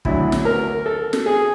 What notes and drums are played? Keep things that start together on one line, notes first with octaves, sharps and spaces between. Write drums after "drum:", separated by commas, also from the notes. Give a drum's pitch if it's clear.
D2 D3 F#3 E4, drum: kick
drum: snare
A#4
A4
drum: snare
G#4